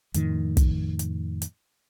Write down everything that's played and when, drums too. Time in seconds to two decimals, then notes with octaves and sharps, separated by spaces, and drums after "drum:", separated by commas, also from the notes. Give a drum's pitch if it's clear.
0.14 F2 A2 D#3, drum: hi-hat
0.57 drum: kick, hi-hat
0.99 drum: hi-hat
1.42 drum: hi-hat